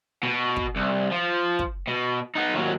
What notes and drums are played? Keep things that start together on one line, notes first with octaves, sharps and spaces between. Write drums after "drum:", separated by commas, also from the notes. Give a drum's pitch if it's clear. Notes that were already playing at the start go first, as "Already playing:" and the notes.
B2
drum: kick
C2
F3
drum: kick
B2
B3 D#4
D#2 F#3